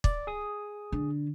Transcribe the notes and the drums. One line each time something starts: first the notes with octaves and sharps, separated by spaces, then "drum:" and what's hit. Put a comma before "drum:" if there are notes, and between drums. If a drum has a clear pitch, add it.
D5, drum: kick
G#4 D#6
D3